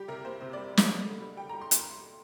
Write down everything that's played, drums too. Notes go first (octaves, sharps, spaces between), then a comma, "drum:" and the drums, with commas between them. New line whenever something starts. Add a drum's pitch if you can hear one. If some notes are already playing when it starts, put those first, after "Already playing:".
Already playing: G3 G4
C3 A#4
A#3 C5
C3 C5
G3 D5
G3
D#5, drum: snare
A#3
D3
G3
G3 G5
G3 A#5
C6
drum: hi-hat